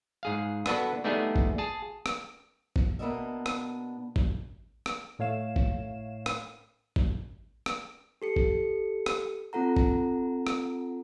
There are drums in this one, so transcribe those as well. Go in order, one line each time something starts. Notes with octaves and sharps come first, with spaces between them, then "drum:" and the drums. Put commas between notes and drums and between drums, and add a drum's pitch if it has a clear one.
G#2 G#4 F5
B3 D4 F#4 A4 B4, drum: rim click
G3 A3 B3 D4 D#4 G#4
drum: kick
G#4 A5
drum: rim click
drum: kick
B2 A#3 B3 D4 D#5 E5
drum: rim click
drum: kick
drum: rim click
A2 A3 C#5 F5 E7
drum: kick
drum: rim click
drum: kick
drum: rim click
G4 A4 C#7
drum: kick
drum: rim click
C4 F4 A4 F#5 A#5
drum: kick
drum: rim click